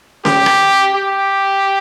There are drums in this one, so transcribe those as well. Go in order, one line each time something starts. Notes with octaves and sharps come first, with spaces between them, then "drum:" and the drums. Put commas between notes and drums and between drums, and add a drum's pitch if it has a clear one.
G4, drum: snare
drum: rim click
G4